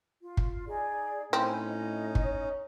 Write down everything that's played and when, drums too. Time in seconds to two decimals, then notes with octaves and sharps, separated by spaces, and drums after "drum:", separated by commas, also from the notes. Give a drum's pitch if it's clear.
0.22 F4
0.37 drum: kick
0.67 D#4 G#4 D5
1.33 A2 C4 C#4 D#4 E4 C5 G#5
1.68 D#5
2.15 drum: kick
2.25 C#5